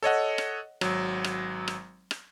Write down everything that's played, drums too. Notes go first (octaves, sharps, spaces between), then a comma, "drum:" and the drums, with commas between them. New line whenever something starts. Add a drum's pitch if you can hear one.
A4 C#5 D#5 F#5
drum: rim click
G#1 F#3, drum: rim click
drum: rim click
drum: rim click
drum: rim click